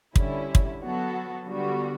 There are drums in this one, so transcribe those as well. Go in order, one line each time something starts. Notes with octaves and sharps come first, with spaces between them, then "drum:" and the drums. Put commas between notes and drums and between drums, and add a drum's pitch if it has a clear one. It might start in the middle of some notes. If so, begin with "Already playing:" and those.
D3 G3 C#4 E4, drum: kick
drum: kick
F#3 B3 F#4 A4
D3 G3 B3 F#4